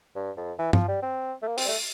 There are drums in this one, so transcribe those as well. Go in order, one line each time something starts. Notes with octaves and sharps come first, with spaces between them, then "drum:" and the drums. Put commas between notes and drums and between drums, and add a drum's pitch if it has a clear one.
G2
F2
E3
F3, drum: tom G2
G3
C4
A3
A#3
C4, drum: open hi-hat
G3
A3